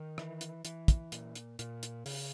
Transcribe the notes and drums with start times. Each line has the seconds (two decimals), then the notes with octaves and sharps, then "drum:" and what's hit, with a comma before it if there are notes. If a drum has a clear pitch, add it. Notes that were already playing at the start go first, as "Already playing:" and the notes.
Already playing: D#3
0.18 E3, drum: rim click
0.41 drum: hi-hat
0.65 E3, drum: hi-hat
0.88 drum: kick, hi-hat
1.12 A#2, drum: hi-hat
1.36 drum: hi-hat
1.59 A#2, drum: hi-hat
1.83 drum: hi-hat
2.06 C#3, drum: open hi-hat